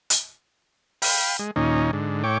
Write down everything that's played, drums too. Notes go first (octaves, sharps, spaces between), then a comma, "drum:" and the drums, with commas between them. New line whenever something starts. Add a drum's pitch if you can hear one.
drum: hi-hat
F5 G5 B5, drum: open hi-hat
G#3
D#2 A#2 C#4 D#4
G#2 D3
A2 C#5 G5 D6